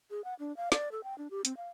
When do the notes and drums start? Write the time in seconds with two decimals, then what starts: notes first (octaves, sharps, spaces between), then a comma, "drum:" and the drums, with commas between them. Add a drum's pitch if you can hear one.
0.11 G#4
0.24 F#5
0.39 D4
0.57 F5
0.72 D5, drum: snare
0.92 A4
1.04 G5
1.18 D4
1.31 G4
1.45 C4, drum: hi-hat
1.57 F5